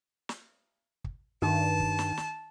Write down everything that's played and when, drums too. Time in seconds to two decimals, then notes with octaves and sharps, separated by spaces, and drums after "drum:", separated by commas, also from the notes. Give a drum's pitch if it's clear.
0.29 drum: snare
1.04 drum: kick
1.42 G2 D#3 A5
1.80 drum: kick
1.99 drum: snare
2.17 drum: snare